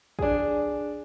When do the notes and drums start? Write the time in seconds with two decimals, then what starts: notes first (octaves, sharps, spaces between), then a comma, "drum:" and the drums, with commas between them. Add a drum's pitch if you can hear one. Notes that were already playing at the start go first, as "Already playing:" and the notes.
0.19 D4 G#4, drum: kick